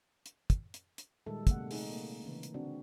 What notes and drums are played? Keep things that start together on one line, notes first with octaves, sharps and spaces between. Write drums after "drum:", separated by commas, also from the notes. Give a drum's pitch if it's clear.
drum: hi-hat
drum: kick, hi-hat
drum: hi-hat
drum: hi-hat
A#2 D#3 G3 G#3 A4 E5
C3 A3 A#3 F#5, drum: kick, hi-hat
A3 D#4 G#4, drum: open hi-hat
A#3
C#3 E3
drum: hi-hat
D3 C4 D4 F#4